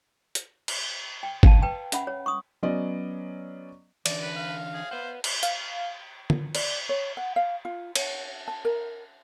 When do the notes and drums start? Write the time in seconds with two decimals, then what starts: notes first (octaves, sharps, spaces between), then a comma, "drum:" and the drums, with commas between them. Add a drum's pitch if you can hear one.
0.35 drum: hi-hat
0.68 drum: cymbal
1.23 G5
1.43 F5 A5, drum: kick
1.62 B4 G5 A5
1.92 C#4 E5 F#5 B5, drum: hi-hat
2.07 C#5
2.26 C#6 D#6
2.63 F#3 B3 C#4 D5 D#5
4.06 D3 E3 D5, drum: cymbal
4.23 B4
4.36 F5
4.74 G#4
4.91 B4 C5 F#5
5.24 drum: cymbal
5.43 F5, drum: hi-hat
6.30 drum: tom D3
6.55 D5, drum: cymbal
6.89 C#5
7.17 F#5
7.36 F5
7.65 F4
7.95 C#5, drum: cymbal
8.48 A5
8.65 A#4